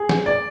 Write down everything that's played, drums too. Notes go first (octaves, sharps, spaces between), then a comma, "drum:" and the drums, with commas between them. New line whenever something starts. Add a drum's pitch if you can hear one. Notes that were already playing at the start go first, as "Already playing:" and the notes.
Already playing: G#4
drum: snare
D5